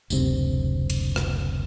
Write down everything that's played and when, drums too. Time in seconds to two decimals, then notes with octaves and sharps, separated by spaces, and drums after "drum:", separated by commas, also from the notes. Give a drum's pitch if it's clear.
0.10 F#1 D2 C3 C4, drum: tambourine
0.90 drum: cymbal
1.16 drum: rim click